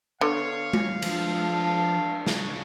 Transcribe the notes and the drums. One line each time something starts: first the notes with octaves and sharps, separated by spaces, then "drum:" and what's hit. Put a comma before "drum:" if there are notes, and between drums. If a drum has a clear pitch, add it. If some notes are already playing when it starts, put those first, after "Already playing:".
D3 B3 C#5 F5
drum: tom G#3
F3 D4, drum: cymbal
C#3, drum: snare